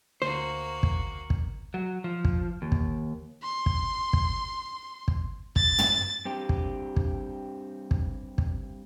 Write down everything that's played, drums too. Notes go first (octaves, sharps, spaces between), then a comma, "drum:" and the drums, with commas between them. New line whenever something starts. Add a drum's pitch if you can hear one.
D2 A#3 F#4 C5
drum: kick
drum: kick
F#3
F3
drum: kick
D#2
drum: kick
C6
drum: kick
drum: kick
drum: kick
A6, drum: kick
drum: tom
G2 C4 G4
drum: kick
drum: kick
drum: kick
drum: kick